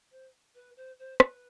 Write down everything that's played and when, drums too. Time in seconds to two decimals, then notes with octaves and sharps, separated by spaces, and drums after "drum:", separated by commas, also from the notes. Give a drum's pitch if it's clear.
0.11 C5
0.55 B4
0.76 C5
0.99 C5
1.20 B4, drum: rim click